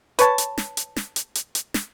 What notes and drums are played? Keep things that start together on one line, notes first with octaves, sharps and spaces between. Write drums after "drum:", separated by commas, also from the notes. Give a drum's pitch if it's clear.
B4 C#5 A5, drum: hi-hat
drum: hi-hat
drum: snare
drum: hi-hat
drum: snare
drum: hi-hat
drum: hi-hat
drum: hi-hat
drum: snare